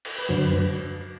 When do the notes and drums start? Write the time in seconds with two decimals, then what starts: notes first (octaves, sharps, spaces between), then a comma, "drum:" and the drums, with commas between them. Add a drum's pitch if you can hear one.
0.05 drum: cymbal
0.18 B4
0.29 F#2 D3 F#3 C5
0.46 B4